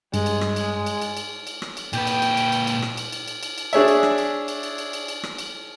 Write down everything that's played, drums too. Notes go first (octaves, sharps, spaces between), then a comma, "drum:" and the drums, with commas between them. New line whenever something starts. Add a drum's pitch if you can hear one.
G2 G#3, drum: cymbal
drum: cymbal
drum: rim click
drum: cymbal
drum: cymbal
drum: cymbal
drum: cymbal
drum: cymbal
drum: rim click
drum: cymbal
A#2 B4 G5, drum: cymbal
drum: cymbal
drum: cymbal
drum: cymbal
drum: cymbal
drum: cymbal
drum: rim click
drum: cymbal
drum: cymbal
drum: cymbal
drum: cymbal
drum: cymbal
D4 G#4 C#5 E5, drum: cymbal
drum: cymbal
drum: rim click
drum: cymbal
drum: cymbal
drum: cymbal
drum: cymbal
drum: cymbal
drum: cymbal
drum: rim click
drum: cymbal